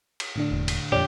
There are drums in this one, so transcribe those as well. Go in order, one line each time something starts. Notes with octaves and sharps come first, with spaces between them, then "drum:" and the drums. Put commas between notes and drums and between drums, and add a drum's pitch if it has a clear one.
drum: cymbal
A2 D3 D4
E1
drum: cymbal
F2 A#2 G4 C#5 D5